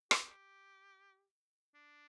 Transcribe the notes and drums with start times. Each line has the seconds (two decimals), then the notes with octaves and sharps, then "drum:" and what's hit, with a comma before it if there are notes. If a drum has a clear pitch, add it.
0.11 G4, drum: rim click
1.74 D4